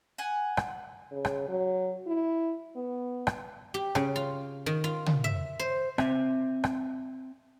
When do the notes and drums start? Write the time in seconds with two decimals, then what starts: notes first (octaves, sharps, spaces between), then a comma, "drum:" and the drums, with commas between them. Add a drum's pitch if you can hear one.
0.18 F#5 G#5
0.57 drum: rim click
1.11 C#3
1.25 drum: rim click
1.49 F#3
2.07 E4
2.76 B3
3.27 drum: rim click
3.74 G4
3.95 C#3, drum: rim click
4.16 F4
4.66 D#3
4.84 F4
5.06 drum: tom
5.24 E5
5.59 C5
5.98 C4 E5, drum: rim click
6.64 drum: rim click